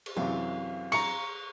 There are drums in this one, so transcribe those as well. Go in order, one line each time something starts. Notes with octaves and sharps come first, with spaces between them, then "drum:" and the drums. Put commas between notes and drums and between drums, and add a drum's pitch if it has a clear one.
drum: cymbal
F#2 C3 E3 F5
A#5 C#6 C#7, drum: cymbal